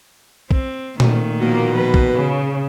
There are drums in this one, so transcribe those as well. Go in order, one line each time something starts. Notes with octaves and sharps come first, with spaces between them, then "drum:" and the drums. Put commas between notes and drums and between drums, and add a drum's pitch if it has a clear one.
C4, drum: kick
A#2 D#3 A3, drum: tom A#2
B2 F3 A#3
B4
drum: kick
C#3